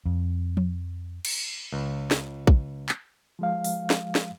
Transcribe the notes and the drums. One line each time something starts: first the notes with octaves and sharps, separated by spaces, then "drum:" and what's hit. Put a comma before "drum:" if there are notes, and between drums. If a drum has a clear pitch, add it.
F2
drum: tom F3
drum: cymbal
C#2
drum: snare
drum: kick A#1
drum: clap
F3 G#3 F5
drum: open hi-hat
drum: snare
drum: snare